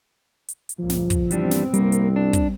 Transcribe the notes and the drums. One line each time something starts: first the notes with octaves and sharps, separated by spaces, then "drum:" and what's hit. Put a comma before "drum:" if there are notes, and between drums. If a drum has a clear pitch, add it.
drum: hi-hat
drum: hi-hat
C#2 G2 A#2 F3
drum: snare
drum: kick, hi-hat
E3 G3 B3 C4 D4, drum: hi-hat
drum: snare
C2 G3 A#3, drum: hi-hat
drum: hi-hat
D4
drum: kick, hi-hat